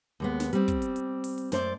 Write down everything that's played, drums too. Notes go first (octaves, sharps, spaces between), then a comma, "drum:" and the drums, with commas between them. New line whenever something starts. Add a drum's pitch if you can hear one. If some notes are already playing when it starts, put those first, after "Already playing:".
D#2 G#3 B3
drum: snare
G3 C4, drum: hi-hat
drum: kick, hi-hat
drum: hi-hat
drum: hi-hat
drum: open hi-hat
drum: hi-hat
F#2 A3 C5 D5, drum: snare